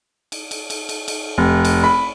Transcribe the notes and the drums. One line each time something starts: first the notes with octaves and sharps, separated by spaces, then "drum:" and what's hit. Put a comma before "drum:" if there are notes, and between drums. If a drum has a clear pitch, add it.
drum: cymbal
drum: cymbal
drum: cymbal
drum: cymbal
drum: cymbal
F1
drum: cymbal
B5